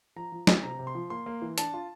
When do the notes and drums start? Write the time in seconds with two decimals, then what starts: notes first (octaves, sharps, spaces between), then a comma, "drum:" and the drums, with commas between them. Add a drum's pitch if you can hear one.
0.16 F3 A#5
0.32 F3
0.47 E4, drum: snare
0.63 C3 A#5
0.79 C3
0.87 C6
0.95 F3
1.10 A#3 C6
1.26 A#3
1.42 E3
1.58 D4 A5, drum: hi-hat
1.74 F4